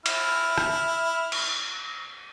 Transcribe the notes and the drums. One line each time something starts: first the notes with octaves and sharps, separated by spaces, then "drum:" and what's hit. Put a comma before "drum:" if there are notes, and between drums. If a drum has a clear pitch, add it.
E4 F6, drum: cymbal
drum: rim click
drum: cymbal